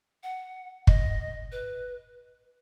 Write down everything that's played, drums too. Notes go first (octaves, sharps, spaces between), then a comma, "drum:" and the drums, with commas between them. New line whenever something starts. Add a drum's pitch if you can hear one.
F#5
D#5, drum: kick
B4